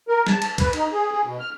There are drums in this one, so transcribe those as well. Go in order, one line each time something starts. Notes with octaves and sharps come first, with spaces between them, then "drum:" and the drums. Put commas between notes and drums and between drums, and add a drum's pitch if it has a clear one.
A#4
A5, drum: snare
drum: cymbal
B4, drum: kick, cymbal
D#4, drum: cymbal
G#4
G#4
B2
F6